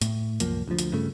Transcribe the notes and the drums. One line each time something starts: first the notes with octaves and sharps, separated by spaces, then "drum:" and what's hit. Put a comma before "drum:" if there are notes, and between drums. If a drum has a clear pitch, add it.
A2, drum: hi-hat
C2 F#2 F3 A#3, drum: hi-hat
D2 F3
drum: hi-hat
G2 C#3 A3